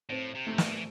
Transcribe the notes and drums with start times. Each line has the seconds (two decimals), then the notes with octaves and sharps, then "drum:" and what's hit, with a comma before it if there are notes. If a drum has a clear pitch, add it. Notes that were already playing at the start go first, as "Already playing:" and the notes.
0.09 A2 C4
0.35 C3
0.47 A3
0.58 E3, drum: snare